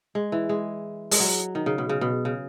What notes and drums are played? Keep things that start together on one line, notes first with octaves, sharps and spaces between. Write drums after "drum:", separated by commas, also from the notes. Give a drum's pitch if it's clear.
G#3
E3
G#3
G#3, drum: open hi-hat
F#3
D#3
C#3
B2
C#3
B2
C#3